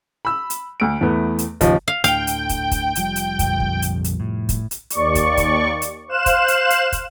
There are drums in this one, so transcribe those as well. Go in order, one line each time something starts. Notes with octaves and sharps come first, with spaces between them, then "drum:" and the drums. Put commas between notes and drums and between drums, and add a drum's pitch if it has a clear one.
B5 E6
drum: hi-hat
D2 D7
E2 A3 B3
drum: hi-hat
D#2 C#3 F3 D#5, drum: kick, hi-hat
F5
D2 A2 D3 F5 G5, drum: hi-hat
drum: hi-hat
drum: kick, hi-hat
drum: kick, hi-hat
F1 F3 G3, drum: hi-hat
drum: hi-hat
A#1 F2, drum: kick, hi-hat
drum: kick
drum: hi-hat
drum: hi-hat
A2
drum: kick, hi-hat
drum: hi-hat
D#2 D5 C#6, drum: hi-hat
drum: kick, hi-hat
drum: kick, hi-hat
drum: hi-hat
C5 F5 F#6 E7
drum: kick, hi-hat
drum: hi-hat
drum: hi-hat
drum: kick, hi-hat